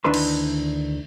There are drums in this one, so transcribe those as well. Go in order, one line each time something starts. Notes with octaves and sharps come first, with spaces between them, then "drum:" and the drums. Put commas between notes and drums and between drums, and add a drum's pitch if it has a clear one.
D2 D#3 D4 E4 B4 C6
drum: cymbal